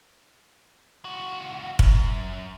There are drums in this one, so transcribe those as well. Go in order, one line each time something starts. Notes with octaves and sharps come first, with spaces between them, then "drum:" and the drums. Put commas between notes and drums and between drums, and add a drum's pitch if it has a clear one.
C#2 F#4
F#2, drum: kick